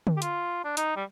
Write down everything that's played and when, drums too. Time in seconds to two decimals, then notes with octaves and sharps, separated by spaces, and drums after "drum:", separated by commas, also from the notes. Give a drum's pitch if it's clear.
0.07 drum: tom D3
0.17 G4
0.22 F4, drum: hi-hat
0.65 D4
0.77 D#4, drum: hi-hat
0.96 G3